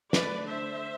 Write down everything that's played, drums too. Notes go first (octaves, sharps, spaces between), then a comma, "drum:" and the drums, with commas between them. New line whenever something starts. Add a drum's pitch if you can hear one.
D3 A3 D4 B4 D5, drum: snare
C5 E5